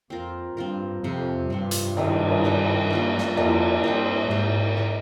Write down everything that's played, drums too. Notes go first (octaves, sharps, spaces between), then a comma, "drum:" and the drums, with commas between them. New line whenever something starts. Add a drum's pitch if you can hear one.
F2 C4 F4 A#4
G2 C4 F4 A#4
F2 C3 F3 C4
G2 C3 F3 C4
drum: hi-hat
D#3 G#3 C4 D#4, drum: cymbal
drum: cymbal
D#3 G#3 C4 D#4
G3 A#3 F4
drum: snare
F2 G3 A#3 F4, drum: cymbal
G2 C4 G4 C5
G#2 C4 G4 C5
G#3 D#4 A#4